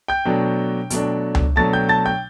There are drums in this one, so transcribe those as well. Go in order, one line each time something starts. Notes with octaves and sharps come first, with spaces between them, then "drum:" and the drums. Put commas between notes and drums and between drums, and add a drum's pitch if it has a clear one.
G5 G6
B2 F#3 A3 D4
B2 F#3 A3 D4, drum: hi-hat
drum: tom C#2
B2 F#3 A3 D4 A5 A6
G5 G6
A5 A6
G5 G6